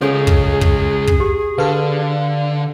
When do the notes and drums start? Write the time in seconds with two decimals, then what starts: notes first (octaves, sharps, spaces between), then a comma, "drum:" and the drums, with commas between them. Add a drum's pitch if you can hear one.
0.01 C#3 C#4 F4 G#4 A4 C#5 G#5
0.27 drum: kick
0.61 drum: kick
1.07 drum: kick
1.20 G4
1.58 D3 A4 B4 F5